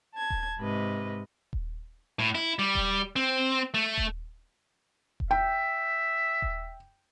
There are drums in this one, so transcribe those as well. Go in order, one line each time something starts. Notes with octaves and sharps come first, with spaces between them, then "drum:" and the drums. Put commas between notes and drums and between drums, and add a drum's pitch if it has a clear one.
A5 G#6
drum: kick D#1
G#2 C3 B4 D#5
drum: kick D#1
A2
E4
G3
drum: kick D#1
C4
A3
drum: kick D#1
drum: kick D#1
E5 G5
drum: kick D#1